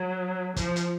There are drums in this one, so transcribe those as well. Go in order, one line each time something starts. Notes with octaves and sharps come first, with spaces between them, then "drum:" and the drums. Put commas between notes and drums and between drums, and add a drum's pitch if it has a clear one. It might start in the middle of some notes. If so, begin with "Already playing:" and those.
Already playing: F#3
F3, drum: kick, hi-hat
drum: hi-hat